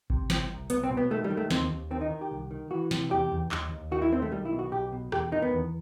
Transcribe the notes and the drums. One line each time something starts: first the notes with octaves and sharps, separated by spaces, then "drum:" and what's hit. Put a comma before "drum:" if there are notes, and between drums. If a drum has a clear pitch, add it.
C3, drum: kick G#1
C2 C4, drum: snare
C2
C2 B3, drum: hi-hat
C4
B2
B3
D#3 A3
G3
D#3
A3
D#2 C4, drum: snare
D#2
D#3 C4
D#4
D#3
G4
C2
D#3
E3 F#4
C3, drum: snare
E2 G4
E2
D#2, drum: clap
D#2
D#3 F#4
E4
D#3 C4
A3
B1 G3
E4
B2
F#4
B1 G4
B2
E2 G4, drum: rim click
D#3 D#4
B3
E2